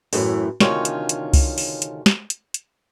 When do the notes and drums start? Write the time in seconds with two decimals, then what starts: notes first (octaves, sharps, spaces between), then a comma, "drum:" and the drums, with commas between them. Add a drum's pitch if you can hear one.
0.13 F#2 A2 E3, drum: open hi-hat
0.60 D2 C3 D#3 C#4 F4 C#5, drum: snare
0.85 drum: hi-hat
1.09 drum: hi-hat
1.33 drum: kick C2, open hi-hat
1.58 drum: open hi-hat
1.82 drum: hi-hat
2.06 drum: snare
2.30 drum: hi-hat
2.54 drum: hi-hat